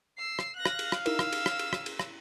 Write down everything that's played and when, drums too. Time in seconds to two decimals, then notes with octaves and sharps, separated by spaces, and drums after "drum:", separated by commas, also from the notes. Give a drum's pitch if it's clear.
0.18 E6 C7
0.39 drum: rim click
0.56 F5 F#6 A#6
0.65 drum: rim click
0.79 drum: cymbal
0.92 drum: rim click
1.06 D#4 E4 A#4 E6, drum: cymbal
1.19 drum: rim click
1.33 drum: cymbal
1.46 drum: rim click
1.59 drum: cymbal
1.73 drum: rim click
1.86 drum: cymbal
2.00 drum: rim click